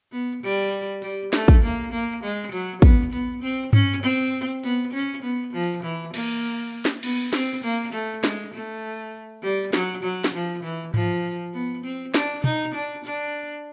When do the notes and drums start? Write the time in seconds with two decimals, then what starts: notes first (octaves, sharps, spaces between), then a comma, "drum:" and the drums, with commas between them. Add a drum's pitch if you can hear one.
0.12 B3
0.43 G3
1.02 G3, drum: open hi-hat
1.33 A3, drum: snare
1.48 drum: kick
1.63 A#3
1.92 A#3
2.23 G#3
2.52 F#3, drum: open hi-hat
2.82 B3, drum: kick
3.13 B3, drum: hi-hat
3.42 C4
3.73 C#4, drum: tom G2
4.03 C4
4.64 B3, drum: open hi-hat
4.93 C#4
5.22 B3
5.53 F3
5.63 drum: open hi-hat
5.83 E3
6.14 A#3, drum: cymbal
6.85 drum: snare
7.03 B3, drum: cymbal
7.33 C4, drum: snare
7.64 A#3
7.93 A3
8.24 G#3, drum: snare
8.54 A3
9.43 G3
9.73 F#3, drum: snare
10.03 F#3
10.24 drum: snare
10.34 F3
10.63 E3
10.94 F3, drum: tom G#2
11.54 B3
11.84 C4
12.14 D4, drum: snare
12.44 D#4, drum: tom
12.74 D4
13.05 D4